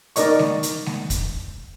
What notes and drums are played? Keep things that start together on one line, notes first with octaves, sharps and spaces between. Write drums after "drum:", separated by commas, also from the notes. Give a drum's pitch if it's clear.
D#4 A#4 D5 D#5 C#6, drum: hi-hat
drum: snare G#3
drum: hi-hat
drum: snare G#3
drum: kick, hi-hat